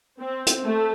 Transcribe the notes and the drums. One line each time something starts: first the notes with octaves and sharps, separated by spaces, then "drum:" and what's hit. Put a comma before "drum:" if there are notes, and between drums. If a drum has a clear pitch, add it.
C4
drum: hi-hat
A3